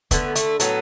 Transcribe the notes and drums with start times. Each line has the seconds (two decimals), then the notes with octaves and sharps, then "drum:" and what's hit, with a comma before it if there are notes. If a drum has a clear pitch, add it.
0.11 D3 A3 B3, drum: kick, hi-hat
0.35 A3, drum: hi-hat
0.60 A2 F#3 A3 B3, drum: hi-hat